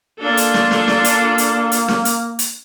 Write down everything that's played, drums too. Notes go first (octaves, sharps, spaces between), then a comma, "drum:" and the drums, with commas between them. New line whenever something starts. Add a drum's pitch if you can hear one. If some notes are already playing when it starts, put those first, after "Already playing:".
A#3 D4 F4 A4
drum: hi-hat
drum: snare
drum: snare
drum: snare
drum: hi-hat
drum: hi-hat
drum: hi-hat
drum: snare
drum: hi-hat
drum: hi-hat